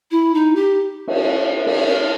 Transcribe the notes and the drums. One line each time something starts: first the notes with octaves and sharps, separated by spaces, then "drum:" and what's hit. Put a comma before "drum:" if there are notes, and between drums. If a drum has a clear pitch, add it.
E4
D#4
G4
drum: cymbal
drum: cymbal
A#4